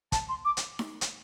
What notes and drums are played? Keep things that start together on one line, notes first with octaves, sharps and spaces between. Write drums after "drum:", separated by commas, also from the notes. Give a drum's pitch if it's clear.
A5, drum: kick, hi-hat
C6
D6
drum: hi-hat
drum: snare D#4
drum: hi-hat